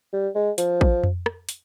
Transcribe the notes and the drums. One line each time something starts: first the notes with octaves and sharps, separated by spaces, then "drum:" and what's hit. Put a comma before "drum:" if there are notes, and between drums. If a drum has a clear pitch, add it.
G3
G#3
F3, drum: hi-hat
drum: kick
drum: tom F2
drum: rim click
drum: hi-hat